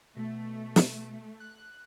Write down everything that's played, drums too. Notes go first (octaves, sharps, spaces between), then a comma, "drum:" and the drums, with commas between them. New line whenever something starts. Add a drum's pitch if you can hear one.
B2 A3
drum: snare
F#6